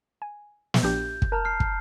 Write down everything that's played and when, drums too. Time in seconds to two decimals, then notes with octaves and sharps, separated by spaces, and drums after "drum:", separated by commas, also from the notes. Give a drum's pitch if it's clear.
0.22 G#5
0.74 drum: snare
0.83 A#1 D4 G4 G6
1.22 drum: kick
1.32 A#4 A5 A#5 F6
1.45 F6 C7
1.60 drum: kick